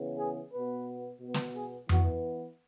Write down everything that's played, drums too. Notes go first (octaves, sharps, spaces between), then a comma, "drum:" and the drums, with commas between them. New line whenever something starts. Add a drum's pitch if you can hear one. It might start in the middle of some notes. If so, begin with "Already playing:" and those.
Already playing: C#3 E3 B3
G#4
B2 B3 B4
B2 B3
drum: snare
G#4
E3 B3 F#4, drum: tom F2